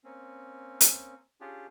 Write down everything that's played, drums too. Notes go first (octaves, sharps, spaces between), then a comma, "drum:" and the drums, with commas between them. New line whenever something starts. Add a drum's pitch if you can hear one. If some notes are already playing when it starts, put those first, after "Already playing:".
A#3 C4 C#4
drum: hi-hat
C#4 D4 F4 G4 G#4